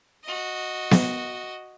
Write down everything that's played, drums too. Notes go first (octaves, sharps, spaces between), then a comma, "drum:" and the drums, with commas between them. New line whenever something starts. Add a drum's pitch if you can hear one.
F#4 D#5
drum: snare B3